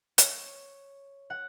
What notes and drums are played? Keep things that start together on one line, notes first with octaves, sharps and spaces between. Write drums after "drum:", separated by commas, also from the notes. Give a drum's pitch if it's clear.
C#5, drum: hi-hat
F#5